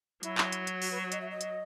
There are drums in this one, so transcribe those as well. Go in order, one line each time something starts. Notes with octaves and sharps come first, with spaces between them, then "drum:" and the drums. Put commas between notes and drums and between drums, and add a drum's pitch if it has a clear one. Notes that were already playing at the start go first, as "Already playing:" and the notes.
F#3 E4, drum: hi-hat
drum: clap
drum: hi-hat
drum: hi-hat
F#4, drum: open hi-hat
B4
C#5
D#5, drum: hi-hat
E5
D#5
drum: hi-hat